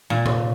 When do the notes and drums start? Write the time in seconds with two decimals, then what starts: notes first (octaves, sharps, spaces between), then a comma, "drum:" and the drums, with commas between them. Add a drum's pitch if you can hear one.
0.10 A#2
0.26 drum: tom C3